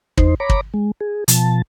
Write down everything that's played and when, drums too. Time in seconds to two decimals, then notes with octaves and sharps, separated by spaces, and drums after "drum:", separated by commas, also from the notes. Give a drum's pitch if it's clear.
0.17 E2 D#4 C5, drum: kick
0.40 C#5 A#5 B5 D6
0.50 drum: kick
0.74 G#3
1.00 G#4
1.28 B2 F3 A5, drum: hi-hat